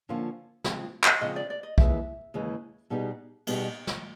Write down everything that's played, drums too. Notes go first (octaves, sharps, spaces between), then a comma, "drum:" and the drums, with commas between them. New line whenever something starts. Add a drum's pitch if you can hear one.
D3 F3 A#3 C#4 F4
C#3 F3 G#3 C4, drum: snare
drum: clap
C#3 F3 G#3 C4 D#5
D5
D5
D#5
D#2 C#3 E3 G#3 E5, drum: kick
D#2 C#3 E3 G#3
B2 G3 B3 D#4 G#4
B2 G3 B3 D#4 G#4, drum: cymbal
drum: snare